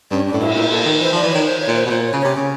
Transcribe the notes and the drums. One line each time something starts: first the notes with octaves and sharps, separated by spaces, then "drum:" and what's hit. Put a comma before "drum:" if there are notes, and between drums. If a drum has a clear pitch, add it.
G2 C#4
D4
A2
E4, drum: cymbal
A#2 E4
A#2 A4
D#3
E3 C5
F3 D5
E3
D#3 C#5
C5
C#5
A#2
C5
B2
A#2 C5
C#5
C#3
C3 C#5
C#3